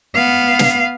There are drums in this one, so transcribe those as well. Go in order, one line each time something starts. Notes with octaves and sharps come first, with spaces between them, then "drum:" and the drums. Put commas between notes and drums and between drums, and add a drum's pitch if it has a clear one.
B3 F5
drum: snare